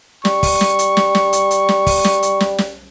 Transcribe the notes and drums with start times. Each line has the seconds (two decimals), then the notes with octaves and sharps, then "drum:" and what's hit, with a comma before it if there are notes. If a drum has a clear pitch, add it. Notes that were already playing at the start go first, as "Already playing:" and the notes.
0.25 G3 C#6, drum: snare
0.43 drum: kick, open hi-hat
0.61 drum: snare
0.79 drum: hi-hat
0.97 drum: snare
1.15 drum: snare
1.33 drum: hi-hat
1.51 drum: hi-hat
1.69 drum: snare
1.87 drum: kick, open hi-hat
2.05 drum: snare
2.22 drum: hi-hat
2.40 drum: snare
2.58 drum: snare